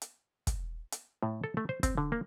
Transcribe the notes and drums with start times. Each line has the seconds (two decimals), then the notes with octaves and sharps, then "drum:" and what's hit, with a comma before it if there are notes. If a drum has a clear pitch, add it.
0.02 drum: hi-hat
0.47 drum: kick, hi-hat
0.92 drum: hi-hat
1.23 A2
1.44 A4
1.57 A3
1.69 C5
1.83 C4, drum: kick, hi-hat
1.98 D3
2.12 A#3